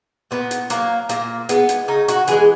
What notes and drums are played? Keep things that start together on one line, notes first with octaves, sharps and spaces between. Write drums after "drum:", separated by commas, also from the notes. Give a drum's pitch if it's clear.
A#2 B3
drum: hi-hat
F#3 A#3, drum: hi-hat
A#2 A#3, drum: hi-hat
G#3 B3, drum: hi-hat
drum: hi-hat
C#3 D#4
F#4, drum: hi-hat
E3 G#3 G#4, drum: hi-hat